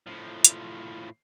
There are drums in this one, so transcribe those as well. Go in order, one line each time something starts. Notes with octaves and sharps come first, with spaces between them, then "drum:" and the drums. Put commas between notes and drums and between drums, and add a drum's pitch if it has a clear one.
A2 F3
drum: hi-hat